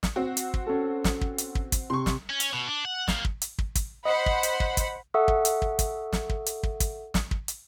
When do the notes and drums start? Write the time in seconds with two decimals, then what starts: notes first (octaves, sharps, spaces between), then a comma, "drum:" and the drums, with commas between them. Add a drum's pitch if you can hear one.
0.03 drum: snare
0.16 C4 F#4
0.37 drum: hi-hat
0.54 drum: kick
0.67 C#4 A4
1.04 drum: snare
1.21 drum: kick
1.38 drum: hi-hat
1.55 drum: kick
1.72 drum: kick, hi-hat
1.90 C3 C6 C#6
2.06 drum: snare
2.30 C#4
2.40 drum: hi-hat
2.53 B2
2.67 D4
2.85 F#5
3.08 G3 A#3, drum: snare
3.25 drum: kick
3.42 drum: hi-hat
3.58 drum: kick
3.75 drum: kick, hi-hat
4.05 C5 D#5 F#5 B5
4.26 drum: kick
4.43 drum: hi-hat
4.60 drum: kick
4.77 drum: kick, hi-hat
5.14 A4 E5 F#5 C#6 D#6 E6
5.28 drum: kick
5.45 drum: hi-hat
5.62 drum: kick
5.79 drum: kick, hi-hat
6.13 drum: snare
6.29 drum: kick
6.46 drum: hi-hat
6.63 drum: kick
6.80 drum: kick, hi-hat
7.14 drum: snare
7.31 drum: kick
7.48 drum: hi-hat